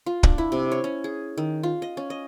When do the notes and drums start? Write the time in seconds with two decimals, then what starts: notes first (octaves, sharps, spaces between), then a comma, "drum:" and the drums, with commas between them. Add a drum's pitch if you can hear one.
0.06 F4
0.23 D4, drum: kick
0.38 E4
0.52 C3
0.72 C#5
0.84 C#4
1.04 G#4
1.38 D#3
1.63 F4
1.82 D#5
1.97 C#4
2.10 D#5